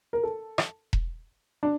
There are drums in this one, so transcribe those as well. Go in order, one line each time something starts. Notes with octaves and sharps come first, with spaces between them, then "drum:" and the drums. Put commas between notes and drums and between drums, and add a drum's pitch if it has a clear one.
A#4
A4
drum: rim click
drum: kick E1
D4